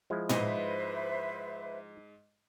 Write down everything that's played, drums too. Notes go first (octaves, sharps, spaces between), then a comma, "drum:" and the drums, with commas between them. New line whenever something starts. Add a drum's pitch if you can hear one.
F3 G#3 E4
G#2 B4 C5 D#5 E5, drum: tom A2